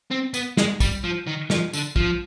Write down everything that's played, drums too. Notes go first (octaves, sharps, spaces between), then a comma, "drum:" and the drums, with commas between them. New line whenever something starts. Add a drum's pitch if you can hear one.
C4
B3, drum: tambourine
G#3, drum: snare
G3, drum: kick, tambourine
F3
D#3
F3, drum: snare
D3, drum: tambourine
F3, drum: kick